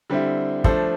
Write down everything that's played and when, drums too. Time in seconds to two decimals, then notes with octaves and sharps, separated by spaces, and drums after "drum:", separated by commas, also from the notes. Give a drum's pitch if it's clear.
0.10 D3 G3 C4 E4
0.64 F3 A3 D4 A4 C5, drum: kick